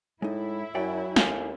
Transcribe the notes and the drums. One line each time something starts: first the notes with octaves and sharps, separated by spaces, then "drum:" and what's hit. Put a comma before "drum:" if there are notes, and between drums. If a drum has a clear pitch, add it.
A2 G#3 D#4 E4
F#2 F#3 D5 G5 G#5
D#2 A4 F5 G#5, drum: snare